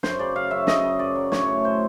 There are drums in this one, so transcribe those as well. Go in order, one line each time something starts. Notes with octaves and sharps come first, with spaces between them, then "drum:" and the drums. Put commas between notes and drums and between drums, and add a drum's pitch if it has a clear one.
F#2 C5, drum: snare
C#3 D5
C#3 F5
F#2 E5
C#3 D#5, drum: snare
C#3
F#2 D5
F#3
A2 C#5, drum: snare
A2
A2 C5